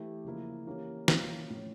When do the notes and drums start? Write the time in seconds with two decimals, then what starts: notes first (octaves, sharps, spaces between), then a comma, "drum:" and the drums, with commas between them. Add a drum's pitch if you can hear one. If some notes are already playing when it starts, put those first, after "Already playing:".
Already playing: E3 A3 E4 G4
0.25 C#3 F3 A#3 E4
0.67 E3 A#3 C#4 G4
1.08 E3 A#3 C#4 F4, drum: snare
1.50 A2 F3 C#4